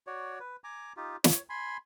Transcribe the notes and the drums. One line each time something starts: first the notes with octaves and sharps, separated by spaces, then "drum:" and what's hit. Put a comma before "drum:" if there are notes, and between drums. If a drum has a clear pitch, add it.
F#4 C#5 D5
B4
G#5 A#5 D6
D#4 F4 G4
C#5, drum: snare
G#5 B5 C6